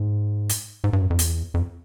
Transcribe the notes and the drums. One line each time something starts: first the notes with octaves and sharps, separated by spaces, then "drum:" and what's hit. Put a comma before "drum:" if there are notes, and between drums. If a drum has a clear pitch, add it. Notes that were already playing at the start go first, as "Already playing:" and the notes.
Already playing: G#2
drum: hi-hat
G#2
G2
F#2
F2
E2, drum: hi-hat
F2